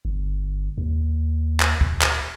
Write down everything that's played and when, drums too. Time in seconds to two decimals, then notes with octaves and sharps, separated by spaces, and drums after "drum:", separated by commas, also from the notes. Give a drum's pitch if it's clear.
0.05 G1
0.78 D#2
1.60 drum: clap
1.81 drum: kick D2
2.02 drum: clap